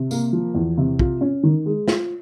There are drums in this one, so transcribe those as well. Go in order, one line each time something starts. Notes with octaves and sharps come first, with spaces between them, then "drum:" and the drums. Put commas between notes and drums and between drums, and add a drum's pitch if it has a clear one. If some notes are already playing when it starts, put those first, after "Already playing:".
Already playing: C3
A#3, drum: tambourine
F3
E2
C3
F4, drum: kick
C#4
D#3
G#3
F4, drum: snare